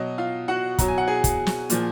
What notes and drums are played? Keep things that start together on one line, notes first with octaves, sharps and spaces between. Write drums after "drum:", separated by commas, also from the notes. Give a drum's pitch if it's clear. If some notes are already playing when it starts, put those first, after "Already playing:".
Already playing: B2 F#3 D#5
F4 F5
F#4 F#5
B2 F#3 A#5, drum: kick, hi-hat
G#5
F#5
G#4 G#5
drum: kick, hi-hat
drum: snare
A#2 F3, drum: hi-hat